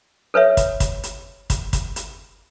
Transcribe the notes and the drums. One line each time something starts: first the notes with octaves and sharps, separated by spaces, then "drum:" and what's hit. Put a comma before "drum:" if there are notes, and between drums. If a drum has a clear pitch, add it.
A4 B4 C#5 E5
drum: kick, hi-hat
drum: kick, hi-hat
drum: hi-hat
drum: kick, hi-hat
drum: kick, hi-hat
drum: hi-hat